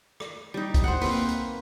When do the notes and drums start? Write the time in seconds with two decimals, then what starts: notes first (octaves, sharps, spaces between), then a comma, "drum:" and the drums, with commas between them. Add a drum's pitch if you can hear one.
0.20 drum: rim click
0.54 G3 D#4
0.74 drum: kick, hi-hat
0.84 C5 F#5
1.01 A#3 C4 B4, drum: open hi-hat
1.29 drum: hi-hat